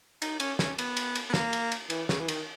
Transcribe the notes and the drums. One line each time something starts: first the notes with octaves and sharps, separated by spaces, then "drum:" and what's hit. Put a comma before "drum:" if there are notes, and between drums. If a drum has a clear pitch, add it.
D#4, drum: cymbal
C#4, drum: cymbal
C#4, drum: snare
B3, drum: cymbal
drum: cymbal
drum: cymbal
B3
A#3, drum: snare
drum: cymbal
drum: cymbal
E3, drum: cymbal
C#3, drum: snare
E3
D#3, drum: cymbal